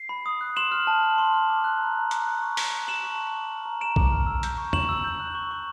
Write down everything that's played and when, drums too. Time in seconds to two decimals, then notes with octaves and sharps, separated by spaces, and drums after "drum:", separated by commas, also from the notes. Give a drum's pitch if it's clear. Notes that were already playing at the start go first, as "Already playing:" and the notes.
Already playing: C7
0.09 B5
0.26 D#6
0.41 F#6
0.56 C6 E7 F#7
0.72 F6
0.87 A5
1.02 A5
1.18 C6
1.34 F6
1.50 D6
1.64 F#6
1.80 A#5
1.95 A#5
2.11 D6, drum: hi-hat
2.26 F#6
2.42 C#6
2.57 F#6, drum: open hi-hat
2.73 A5
2.88 A5 E7 F#7
3.04 C#6
3.19 F#6
3.34 D6
3.50 F6
3.65 A#5
3.81 A#5 D7 E7
3.96 D6, drum: kick B1
4.12 F6
4.27 E6
4.43 G6, drum: hi-hat
4.58 C#6
4.73 C#6 E7 F#7, drum: tom
4.89 E6
5.04 G6
5.19 F#6
5.35 C#6
5.51 C#6